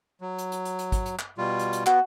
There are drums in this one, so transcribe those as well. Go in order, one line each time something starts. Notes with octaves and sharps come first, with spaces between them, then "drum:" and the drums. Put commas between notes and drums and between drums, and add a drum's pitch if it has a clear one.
F#3
drum: hi-hat
drum: hi-hat
drum: hi-hat
drum: hi-hat
drum: kick, hi-hat
drum: hi-hat
drum: clap
B2 G3 F4
drum: hi-hat
drum: hi-hat
B3 F#4, drum: clap